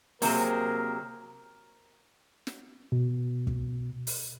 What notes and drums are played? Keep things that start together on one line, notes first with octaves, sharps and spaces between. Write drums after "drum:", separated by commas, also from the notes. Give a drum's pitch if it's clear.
C3 F#3 A#3 C4 G#4 A#4 C5, drum: open hi-hat
drum: snare
B2
drum: kick
drum: open hi-hat